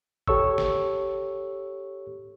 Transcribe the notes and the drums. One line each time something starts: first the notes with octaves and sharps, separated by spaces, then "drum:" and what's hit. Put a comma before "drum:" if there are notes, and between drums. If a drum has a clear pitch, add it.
G4 A4 C#5 C#6 E6, drum: kick
drum: snare